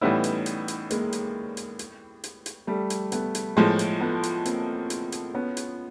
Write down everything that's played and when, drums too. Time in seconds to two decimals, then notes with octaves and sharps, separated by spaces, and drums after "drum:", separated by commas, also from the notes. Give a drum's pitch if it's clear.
0.01 A2 E3 G3 B3 C#4 D#4 E4
0.24 drum: hi-hat
0.46 drum: hi-hat
0.68 drum: hi-hat
0.90 G#3 A#3, drum: hi-hat
1.13 drum: hi-hat
1.57 drum: hi-hat
1.79 drum: hi-hat
2.24 drum: hi-hat
2.46 drum: hi-hat
2.67 G3 A3
2.90 drum: hi-hat
3.12 A3 B3, drum: hi-hat
3.35 drum: hi-hat
3.57 A2 F3 G#3 A3 B3
3.79 drum: hi-hat
4.01 A3 B3
4.23 drum: hi-hat
4.45 A#3 C4, drum: hi-hat
4.90 drum: hi-hat
5.12 drum: hi-hat
5.35 B3 C#4
5.57 drum: hi-hat